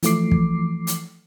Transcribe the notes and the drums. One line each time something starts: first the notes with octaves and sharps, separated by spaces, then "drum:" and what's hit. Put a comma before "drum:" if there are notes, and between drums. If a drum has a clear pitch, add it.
E3 F3 A3 D6 C7, drum: hi-hat
drum: kick
drum: hi-hat